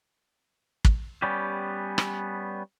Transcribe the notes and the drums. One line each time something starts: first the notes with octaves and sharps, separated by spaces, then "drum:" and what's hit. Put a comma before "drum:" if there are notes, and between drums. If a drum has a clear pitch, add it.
drum: kick
G3 B3 C#4 G4
drum: rim click